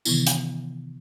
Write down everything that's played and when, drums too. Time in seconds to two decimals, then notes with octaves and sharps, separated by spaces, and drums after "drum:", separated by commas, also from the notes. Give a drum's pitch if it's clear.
0.05 C3 D#3 E3 B3 E4, drum: tambourine
0.27 drum: hi-hat